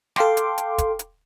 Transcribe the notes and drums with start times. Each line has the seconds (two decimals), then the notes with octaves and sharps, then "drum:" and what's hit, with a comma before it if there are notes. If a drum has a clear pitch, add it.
0.16 A4 F5 G5 C6 D6, drum: snare
0.37 drum: hi-hat
0.58 drum: hi-hat
0.78 drum: kick, hi-hat
0.99 drum: hi-hat